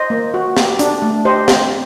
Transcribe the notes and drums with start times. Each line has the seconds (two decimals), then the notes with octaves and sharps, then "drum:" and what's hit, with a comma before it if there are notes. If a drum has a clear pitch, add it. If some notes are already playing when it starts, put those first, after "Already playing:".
Already playing: C5 D#5
0.10 A#3
0.34 F#4
0.57 G4, drum: snare
0.79 D4, drum: hi-hat
1.02 A3
1.25 G4 C5 D#5
1.48 C4, drum: snare